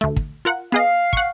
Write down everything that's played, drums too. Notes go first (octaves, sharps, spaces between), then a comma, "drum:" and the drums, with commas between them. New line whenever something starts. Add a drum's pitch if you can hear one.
D2 A3
drum: kick
F4 A#4 F#5
B3 G#4 D#5 F5
F#5 C#6, drum: kick